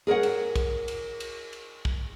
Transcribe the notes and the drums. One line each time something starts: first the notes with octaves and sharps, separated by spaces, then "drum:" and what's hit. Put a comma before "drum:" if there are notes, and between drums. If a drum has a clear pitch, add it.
G#4 A#4 C#5 F#5
drum: cymbal
drum: kick, cymbal
drum: cymbal
drum: cymbal
drum: cymbal
drum: kick